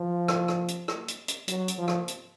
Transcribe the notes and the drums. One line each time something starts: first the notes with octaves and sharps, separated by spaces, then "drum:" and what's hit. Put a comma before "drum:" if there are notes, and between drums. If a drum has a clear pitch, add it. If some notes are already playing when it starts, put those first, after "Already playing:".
Already playing: F3
drum: rim click
drum: rim click
drum: hi-hat
drum: rim click
drum: hi-hat
drum: hi-hat
F#3, drum: hi-hat
drum: hi-hat
F3
drum: rim click
drum: hi-hat